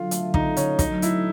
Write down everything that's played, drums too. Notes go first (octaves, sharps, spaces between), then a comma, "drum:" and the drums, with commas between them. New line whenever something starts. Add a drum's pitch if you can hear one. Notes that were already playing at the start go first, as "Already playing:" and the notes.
Already playing: D3 F#3 F4
A3, drum: hi-hat
D3 D#4, drum: kick
D3 C#4, drum: hi-hat
F#3 D#4, drum: kick, hi-hat
A3 E4, drum: hi-hat